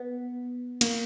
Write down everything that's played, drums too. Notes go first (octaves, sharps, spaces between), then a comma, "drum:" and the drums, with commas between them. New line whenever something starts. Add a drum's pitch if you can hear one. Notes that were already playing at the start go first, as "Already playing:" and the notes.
Already playing: B3
A#3, drum: cymbal